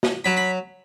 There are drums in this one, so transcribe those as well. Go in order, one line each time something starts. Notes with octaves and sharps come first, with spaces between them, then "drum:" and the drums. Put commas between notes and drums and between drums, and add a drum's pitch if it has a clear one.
drum: snare
F#3 B5
B5